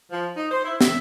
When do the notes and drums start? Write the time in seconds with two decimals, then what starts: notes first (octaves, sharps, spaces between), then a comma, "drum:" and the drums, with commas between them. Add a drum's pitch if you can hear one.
0.11 F3
0.36 D#4
0.51 C5
0.64 E4
0.81 E5, drum: snare